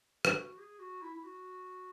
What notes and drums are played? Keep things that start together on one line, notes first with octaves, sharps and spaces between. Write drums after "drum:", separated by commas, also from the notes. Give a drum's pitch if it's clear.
G#4, drum: rim click
F#4
G#4
F#4
E4
E4
F#4